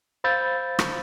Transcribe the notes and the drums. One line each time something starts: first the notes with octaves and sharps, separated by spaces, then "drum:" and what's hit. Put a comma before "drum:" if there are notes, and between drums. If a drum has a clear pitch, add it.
C5 F5 B5 E6 G6 A6
drum: rim click